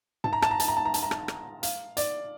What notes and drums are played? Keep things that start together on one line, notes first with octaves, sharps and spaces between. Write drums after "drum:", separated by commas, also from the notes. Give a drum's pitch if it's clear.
A5, drum: tom G#2
A#5
A5, drum: rim click
A#5
A5, drum: hi-hat
A#5
A5
A#5
A5, drum: hi-hat
A#5
A5, drum: rim click
drum: rim click
F5, drum: hi-hat
D5, drum: hi-hat